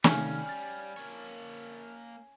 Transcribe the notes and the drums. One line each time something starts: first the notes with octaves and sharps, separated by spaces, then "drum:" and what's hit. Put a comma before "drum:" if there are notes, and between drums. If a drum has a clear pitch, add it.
C3 D#3 G3 A3 C#4 F5, drum: snare
F6 A6
A#3 C#5